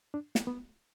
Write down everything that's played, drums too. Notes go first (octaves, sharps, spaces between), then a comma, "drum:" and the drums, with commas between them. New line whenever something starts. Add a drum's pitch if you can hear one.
D4
drum: snare
B3